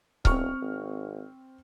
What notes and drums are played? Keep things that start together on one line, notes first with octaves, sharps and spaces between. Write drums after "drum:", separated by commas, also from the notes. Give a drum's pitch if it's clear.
E1 C4 C#6 F6, drum: kick C#1
G#1